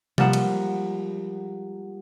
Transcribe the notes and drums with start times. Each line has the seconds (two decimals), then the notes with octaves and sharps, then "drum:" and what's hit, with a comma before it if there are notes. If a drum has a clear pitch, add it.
0.18 F3 G3 G#3 A#3 F#5 E7, drum: tom C3
0.33 drum: cymbal